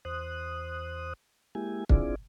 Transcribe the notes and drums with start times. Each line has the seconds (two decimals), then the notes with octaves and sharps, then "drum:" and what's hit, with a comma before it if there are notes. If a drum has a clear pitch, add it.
0.05 E2 C5 D#6 F#6
1.55 G#3 A#3 E4 G4 G#5
1.89 C4 D4 E4 F4 G#4 D5, drum: kick